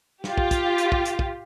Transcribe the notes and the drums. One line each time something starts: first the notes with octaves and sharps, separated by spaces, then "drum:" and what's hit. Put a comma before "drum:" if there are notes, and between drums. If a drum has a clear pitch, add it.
F4 G4, drum: snare
drum: kick
drum: kick, hi-hat
drum: hi-hat
drum: kick
drum: hi-hat
drum: kick